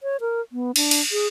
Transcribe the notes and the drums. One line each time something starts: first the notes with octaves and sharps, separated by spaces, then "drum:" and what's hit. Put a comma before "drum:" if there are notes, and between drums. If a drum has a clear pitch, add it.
C#5
A#4
B3
D4, drum: cymbal
drum: cymbal
G#4